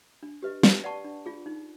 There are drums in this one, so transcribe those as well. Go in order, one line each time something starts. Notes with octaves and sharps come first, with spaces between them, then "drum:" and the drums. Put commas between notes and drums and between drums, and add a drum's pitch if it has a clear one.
D4
G4 B4 D#5
B4, drum: snare
D5 F#5 A5 C#6
D4
F4 G#4
D#4